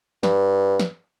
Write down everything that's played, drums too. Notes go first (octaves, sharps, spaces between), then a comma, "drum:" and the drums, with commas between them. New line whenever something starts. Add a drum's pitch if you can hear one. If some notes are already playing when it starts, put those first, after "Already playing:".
G2, drum: snare
drum: snare